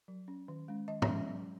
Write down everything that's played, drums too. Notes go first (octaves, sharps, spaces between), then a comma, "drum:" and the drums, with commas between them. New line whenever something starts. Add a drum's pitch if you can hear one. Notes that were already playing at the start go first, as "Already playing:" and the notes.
F#3
C#4
D#3
G#3 C#4
D#3 D#5
E5, drum: tom
G#3 C#4
F#3